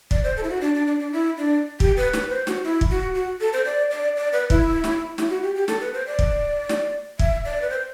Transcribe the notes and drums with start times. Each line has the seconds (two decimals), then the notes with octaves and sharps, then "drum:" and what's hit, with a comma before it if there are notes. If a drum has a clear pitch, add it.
0.11 D5, drum: kick
0.24 C5
0.37 A4
0.43 E4
0.49 F#4
0.61 D4
0.75 D4
0.87 D4
0.99 D4
1.12 E4
1.37 D4
1.80 G4, drum: kick
1.97 B4
2.13 B4, drum: snare
2.30 C5
2.47 F#4, drum: snare
2.64 E4
2.81 drum: kick
2.90 F#4
3.15 F#4
3.41 A4
3.53 C5
3.65 D5
3.91 D5
4.17 D5
4.33 B4
4.50 E4, drum: kick
4.84 drum: snare
5.18 E4, drum: snare
5.29 F#4
5.43 G4
5.55 G4
5.68 A4, drum: snare
5.81 B4
5.94 C5
6.07 D5
6.19 drum: kick
6.69 drum: snare
7.19 E5, drum: kick
7.45 D5
7.62 B4
7.70 C5